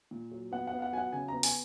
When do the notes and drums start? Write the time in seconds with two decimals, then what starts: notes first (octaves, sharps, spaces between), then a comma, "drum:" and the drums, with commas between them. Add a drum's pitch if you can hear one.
0.11 A#2
0.31 F#3
0.52 B3 F#5
0.67 F#5
0.73 B3
0.79 F5
0.82 F#5
0.92 F#3 G#5
0.98 F#5
1.12 C#3 G#5
1.28 B3 A#5
1.43 G#5, drum: open hi-hat